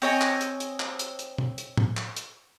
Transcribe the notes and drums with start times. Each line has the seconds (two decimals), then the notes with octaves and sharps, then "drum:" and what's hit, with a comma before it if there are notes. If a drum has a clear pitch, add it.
0.02 C4 C#5 D#5 G#5, drum: open hi-hat
0.21 drum: clap
0.41 drum: hi-hat
0.60 drum: hi-hat
0.80 drum: clap
0.99 drum: hi-hat
1.19 drum: hi-hat
1.38 drum: tom
1.58 drum: hi-hat
1.77 drum: tom
1.97 drum: clap
2.17 drum: hi-hat